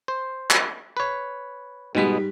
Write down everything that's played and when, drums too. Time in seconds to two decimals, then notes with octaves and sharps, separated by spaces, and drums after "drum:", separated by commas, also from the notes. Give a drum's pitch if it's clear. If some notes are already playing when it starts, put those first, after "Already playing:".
0.08 C5
0.50 drum: clap
0.97 B4 C#5
1.95 G#2 B2 G3 G#3 B3 B6